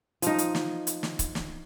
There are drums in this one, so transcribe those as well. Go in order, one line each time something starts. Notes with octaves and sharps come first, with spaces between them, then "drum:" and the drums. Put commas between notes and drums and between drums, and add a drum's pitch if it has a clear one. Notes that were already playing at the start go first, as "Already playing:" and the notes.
F3 D#4, drum: hi-hat
drum: hi-hat
drum: snare
drum: hi-hat
drum: snare
drum: kick C#1, hi-hat
drum: snare